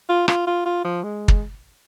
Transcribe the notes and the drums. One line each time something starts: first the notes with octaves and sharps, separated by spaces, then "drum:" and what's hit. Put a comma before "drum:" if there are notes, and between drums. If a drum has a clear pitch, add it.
F4
F4, drum: rim click
F4
F4
F3
G#3
drum: kick